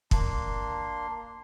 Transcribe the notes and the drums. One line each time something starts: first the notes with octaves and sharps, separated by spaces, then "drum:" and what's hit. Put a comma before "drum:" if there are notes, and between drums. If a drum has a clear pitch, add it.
A#3 D4 C6, drum: kick